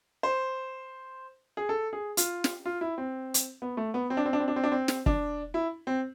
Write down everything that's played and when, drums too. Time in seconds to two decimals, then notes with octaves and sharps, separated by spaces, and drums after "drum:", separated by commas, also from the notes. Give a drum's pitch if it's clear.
0.23 C5
1.57 G#4
1.69 A4
1.93 G#4
2.17 F4, drum: hi-hat
2.44 drum: snare
2.65 F4
2.81 E4
2.98 C4
3.34 drum: hi-hat
3.62 B3
3.77 A3
3.94 B3
4.10 C4
4.17 D4
4.26 C4
4.33 D4
4.40 C4
4.48 D4
4.56 C4
4.64 D4
4.72 C4
4.88 drum: snare
5.06 D4, drum: kick
5.54 E4
5.87 C4